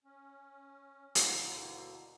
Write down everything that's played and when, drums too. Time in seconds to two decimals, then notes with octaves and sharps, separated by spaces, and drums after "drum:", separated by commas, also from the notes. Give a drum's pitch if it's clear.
0.04 C#4
1.15 D#2 B2 D3 E4 F#5 A#5, drum: hi-hat